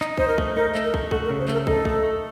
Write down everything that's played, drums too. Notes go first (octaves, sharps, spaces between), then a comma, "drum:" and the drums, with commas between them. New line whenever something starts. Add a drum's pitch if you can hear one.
D#4, drum: clap
D#4 C5, drum: kick
A#4
A3, drum: kick
D#4 A#4
A3, drum: clap
A#4
A3, drum: kick
F#4 A4, drum: kick
A#4
C#3
C5
A3 A#4, drum: clap
D#4 A4, drum: kick
A3, drum: kick
A3